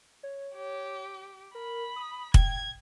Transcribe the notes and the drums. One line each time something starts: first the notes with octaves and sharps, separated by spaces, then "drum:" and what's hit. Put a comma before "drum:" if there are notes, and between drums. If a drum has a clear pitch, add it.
C#5
G4
A#4 B5
D#6
G5 G#6, drum: kick